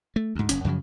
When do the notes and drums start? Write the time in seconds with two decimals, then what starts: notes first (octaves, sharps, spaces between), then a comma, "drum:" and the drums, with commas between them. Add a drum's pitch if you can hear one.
0.16 A3
0.35 D2 G#2
0.49 F#1 C#4, drum: hi-hat
0.65 F#2 C#3 F3 F#3